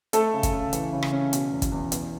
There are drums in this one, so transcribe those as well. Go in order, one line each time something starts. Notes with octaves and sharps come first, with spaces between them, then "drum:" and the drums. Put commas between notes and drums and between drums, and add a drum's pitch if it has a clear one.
A3 A4, drum: hi-hat
C#3
drum: kick, hi-hat
C#3
E3, drum: hi-hat
C#3
drum: rim click
C#4
B2, drum: hi-hat
E2
drum: kick, hi-hat
E2
B3, drum: hi-hat